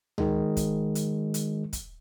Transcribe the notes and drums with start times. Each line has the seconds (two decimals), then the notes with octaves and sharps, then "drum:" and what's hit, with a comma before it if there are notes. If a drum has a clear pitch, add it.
0.18 D#3 G#3, drum: tom C#2
0.57 drum: kick, hi-hat
0.95 drum: hi-hat
1.34 drum: hi-hat
1.73 drum: kick, hi-hat